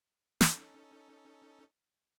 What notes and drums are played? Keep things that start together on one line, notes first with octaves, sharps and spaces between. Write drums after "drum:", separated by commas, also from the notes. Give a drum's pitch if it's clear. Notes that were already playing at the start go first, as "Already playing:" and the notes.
C#4 D#4 A4, drum: snare